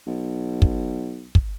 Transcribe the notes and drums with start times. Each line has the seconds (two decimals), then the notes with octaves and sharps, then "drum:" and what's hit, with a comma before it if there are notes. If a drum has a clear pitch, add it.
0.07 B1
0.62 drum: kick
1.35 drum: kick